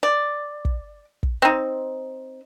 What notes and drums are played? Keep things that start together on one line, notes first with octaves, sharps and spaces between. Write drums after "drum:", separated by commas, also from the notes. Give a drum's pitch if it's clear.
D5
drum: kick
drum: kick
C4 D#4